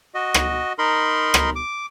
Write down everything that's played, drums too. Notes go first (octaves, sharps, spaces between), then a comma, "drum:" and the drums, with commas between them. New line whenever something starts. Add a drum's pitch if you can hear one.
F#4 D#5
drum: rim click
D#4 A#4 B5 C6
drum: rim click
D6